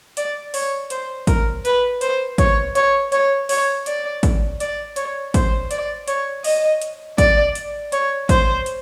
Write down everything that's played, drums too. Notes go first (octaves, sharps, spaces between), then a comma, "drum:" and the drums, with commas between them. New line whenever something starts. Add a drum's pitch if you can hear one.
D5, drum: hi-hat
C#5, drum: open hi-hat
C5, drum: hi-hat
A#4, drum: kick, hi-hat
B4, drum: hi-hat
C5, drum: hi-hat
C#5, drum: kick, hi-hat
C#5, drum: hi-hat
C#5, drum: hi-hat
C#5, drum: open hi-hat
D5, drum: hi-hat
drum: kick, hi-hat
D5, drum: hi-hat
C#5, drum: hi-hat
C5, drum: kick, hi-hat
D5, drum: hi-hat
C#5, drum: hi-hat
D#5, drum: open hi-hat
drum: hi-hat
D5, drum: kick, hi-hat
drum: hi-hat
C#5, drum: hi-hat
C5, drum: kick, hi-hat
drum: hi-hat